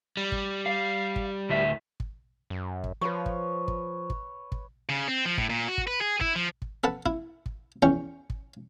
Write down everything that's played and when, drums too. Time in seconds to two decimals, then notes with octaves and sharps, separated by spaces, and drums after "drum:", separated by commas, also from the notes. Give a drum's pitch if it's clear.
0.17 G3
0.32 drum: kick
0.66 F5
1.16 drum: kick
1.50 D2 A2 E5
2.00 drum: kick
2.50 F#2
2.84 drum: kick
3.01 F3 B4 C#5
3.26 drum: kick
3.68 drum: kick
4.10 drum: kick
4.52 drum: kick
4.89 C#3
5.08 C4
5.26 F3
5.38 A2, drum: kick
5.50 A#2
5.68 F#4
5.78 drum: kick
5.87 B4
6.01 G#4
6.21 E4, drum: kick
6.36 F3
6.62 drum: kick
6.84 A4 B4 F#5 A5
7.06 E4, drum: kick
7.46 drum: kick
7.82 E2 C#4 G5 C#6
8.30 drum: kick